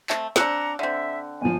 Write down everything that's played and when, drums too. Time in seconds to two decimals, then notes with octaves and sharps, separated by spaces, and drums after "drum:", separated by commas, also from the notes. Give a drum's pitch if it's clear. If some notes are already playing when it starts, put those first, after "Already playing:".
0.10 A3 C4, drum: clap
0.36 C4 D4 A#5 E6 F#6 C#7, drum: snare
0.79 D3 C4 E5
1.41 G1 F3 G#5